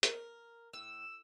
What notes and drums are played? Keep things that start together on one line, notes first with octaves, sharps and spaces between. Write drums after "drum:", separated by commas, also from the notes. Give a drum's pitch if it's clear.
A#4, drum: hi-hat
A2 E6